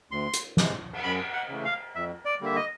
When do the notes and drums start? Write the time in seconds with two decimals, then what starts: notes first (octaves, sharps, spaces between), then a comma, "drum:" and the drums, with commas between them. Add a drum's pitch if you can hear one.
0.11 D2 C6
0.34 drum: hi-hat
0.57 C3 E3 G#3, drum: snare
0.93 drum: cymbal
1.03 F#2 B5
1.33 F#5
1.48 C#3 E3 A3
1.65 F5
1.95 F2 E5
2.25 D5
2.41 D3 G3 A#3 E5
2.56 D#5